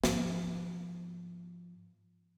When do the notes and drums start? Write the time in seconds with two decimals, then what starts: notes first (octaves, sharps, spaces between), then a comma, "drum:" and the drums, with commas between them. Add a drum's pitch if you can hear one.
0.04 G#2 F3, drum: snare